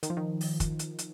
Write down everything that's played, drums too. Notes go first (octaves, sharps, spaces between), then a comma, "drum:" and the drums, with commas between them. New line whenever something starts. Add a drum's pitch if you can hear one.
D#3, drum: hi-hat
F3
D#3
drum: open hi-hat
drum: kick, hi-hat
drum: hi-hat
drum: hi-hat